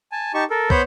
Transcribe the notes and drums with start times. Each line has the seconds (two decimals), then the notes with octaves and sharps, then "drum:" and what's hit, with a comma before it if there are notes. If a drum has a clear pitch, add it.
0.12 G#5 A5
0.34 D#4 G4 A5 C#6
0.50 A4 A#4
0.70 B3 C5 C#5 B5 G6, drum: kick